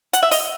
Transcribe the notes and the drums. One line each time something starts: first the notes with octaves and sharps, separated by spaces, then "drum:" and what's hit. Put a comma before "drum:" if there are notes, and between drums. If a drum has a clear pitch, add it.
F#5, drum: hi-hat
E5
D#5, drum: open hi-hat